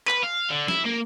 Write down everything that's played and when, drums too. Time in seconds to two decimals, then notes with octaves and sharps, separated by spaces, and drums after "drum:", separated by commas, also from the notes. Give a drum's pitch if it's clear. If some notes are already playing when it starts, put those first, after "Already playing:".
0.08 B4, drum: clap
0.23 F5
0.50 D3
0.68 E4, drum: snare
0.85 A#3